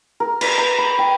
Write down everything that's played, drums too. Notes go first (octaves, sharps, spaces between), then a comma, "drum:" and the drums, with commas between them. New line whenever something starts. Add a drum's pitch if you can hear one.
A#4
B4, drum: cymbal
A#5
B5
G5